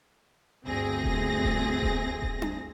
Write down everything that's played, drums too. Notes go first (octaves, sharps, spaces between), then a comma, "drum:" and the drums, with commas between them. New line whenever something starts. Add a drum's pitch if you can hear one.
G1 D2 C4 G#4 A#6
drum: kick D#1
drum: kick D#1
drum: kick D#1
drum: kick D#1
drum: tom D4